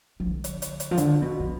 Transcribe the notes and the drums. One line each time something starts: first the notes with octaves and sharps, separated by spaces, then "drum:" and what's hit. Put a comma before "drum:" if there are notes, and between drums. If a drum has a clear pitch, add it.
F3
D3
drum: hi-hat
drum: hi-hat
drum: hi-hat
F3
D3, drum: hi-hat
B2
F3